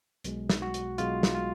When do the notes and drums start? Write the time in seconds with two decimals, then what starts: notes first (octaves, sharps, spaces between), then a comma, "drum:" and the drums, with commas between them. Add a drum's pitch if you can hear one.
0.24 B1 B2 G#3, drum: hi-hat
0.50 drum: snare
0.62 F#4
0.74 drum: hi-hat
0.98 B1 B2 G#3 F4, drum: hi-hat
1.23 drum: snare
1.35 F4